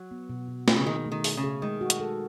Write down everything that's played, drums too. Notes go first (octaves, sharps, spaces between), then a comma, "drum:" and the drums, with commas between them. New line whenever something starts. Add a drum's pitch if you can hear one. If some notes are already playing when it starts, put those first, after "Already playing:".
Already playing: F#3
B3
B2
B2
B2, drum: snare
C#3
D#3 G#4
A3
D#3
G#4, drum: open hi-hat
C#3
G#4
D#3 G#3
F#4
drum: hi-hat
A4